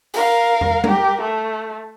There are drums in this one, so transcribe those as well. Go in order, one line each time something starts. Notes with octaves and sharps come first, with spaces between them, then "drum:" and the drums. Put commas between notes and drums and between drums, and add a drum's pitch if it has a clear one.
A#4 F5, drum: open hi-hat
drum: tom
G4 A#4, drum: tom G3
A3